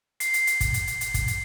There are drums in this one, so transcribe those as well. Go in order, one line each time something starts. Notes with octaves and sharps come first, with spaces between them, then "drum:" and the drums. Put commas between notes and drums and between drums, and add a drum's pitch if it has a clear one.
C7, drum: hi-hat
drum: hi-hat
drum: hi-hat
drum: kick, hi-hat
drum: hi-hat
drum: hi-hat
drum: hi-hat
drum: kick, hi-hat
drum: hi-hat